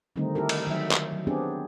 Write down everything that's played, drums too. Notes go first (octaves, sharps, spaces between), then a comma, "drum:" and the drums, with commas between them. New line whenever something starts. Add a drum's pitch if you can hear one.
D3 D#3 G3 A3 C4 D#4
E4 G4 A4 A#4
drum: cymbal
D#3 F#3 E5
drum: clap
F#3
B3 C4 D4 G4 G#4